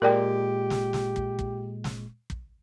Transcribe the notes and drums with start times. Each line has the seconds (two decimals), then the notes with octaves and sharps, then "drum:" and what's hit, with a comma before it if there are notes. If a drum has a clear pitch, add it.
0.02 A#2 G#3 G4 A#4 D5 G5
0.70 drum: snare
0.93 drum: snare
1.16 drum: kick
1.39 drum: kick
1.84 drum: snare
2.30 drum: kick